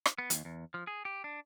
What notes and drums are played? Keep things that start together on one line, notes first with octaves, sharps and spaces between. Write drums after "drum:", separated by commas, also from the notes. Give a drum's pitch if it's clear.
drum: rim click
B3
D#2, drum: hi-hat
E2
F3
G#4
G4
D4